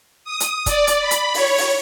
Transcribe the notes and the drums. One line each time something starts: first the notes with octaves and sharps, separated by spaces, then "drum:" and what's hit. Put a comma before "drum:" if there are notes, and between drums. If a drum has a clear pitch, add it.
D#6
drum: hi-hat
D5, drum: kick, hi-hat
drum: hi-hat
B5
drum: hi-hat
C#5, drum: open hi-hat
drum: open hi-hat